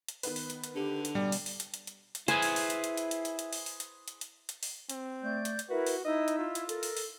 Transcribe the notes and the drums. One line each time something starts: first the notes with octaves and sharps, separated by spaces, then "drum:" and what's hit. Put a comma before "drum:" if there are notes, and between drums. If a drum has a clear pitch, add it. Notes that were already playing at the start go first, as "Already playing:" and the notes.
drum: hi-hat
D#3 B3 B4, drum: open hi-hat
drum: open hi-hat
drum: hi-hat
drum: hi-hat
D3 G4
drum: hi-hat
B2 G3 D5
drum: open hi-hat
drum: open hi-hat
drum: hi-hat
drum: hi-hat
drum: hi-hat
drum: hi-hat
E4 G#4 B4 C5 G#5, drum: hi-hat
drum: open hi-hat
drum: open hi-hat
drum: hi-hat
drum: hi-hat
drum: hi-hat
drum: hi-hat
drum: hi-hat
drum: hi-hat
drum: open hi-hat
drum: open hi-hat
drum: hi-hat
drum: hi-hat
drum: hi-hat
drum: hi-hat
drum: open hi-hat
C4, drum: hi-hat
A3 D5 G6
drum: hi-hat
drum: hi-hat
E4 F#4 A#4 B4 E5
drum: open hi-hat
D#4 E4 D#5 E5 E6
drum: hi-hat
F4
drum: hi-hat
A4 A#4, drum: hi-hat
drum: open hi-hat
drum: open hi-hat